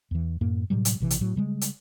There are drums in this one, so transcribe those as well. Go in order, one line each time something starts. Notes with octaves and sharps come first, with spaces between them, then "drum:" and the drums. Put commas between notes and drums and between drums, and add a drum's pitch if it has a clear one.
E2 E3
F#2 A2 A#3
A2 C3 F#3 G3
drum: hi-hat
A#1 C3 E3
drum: hi-hat
A2 F#3
C#3 G3 G#3
drum: hi-hat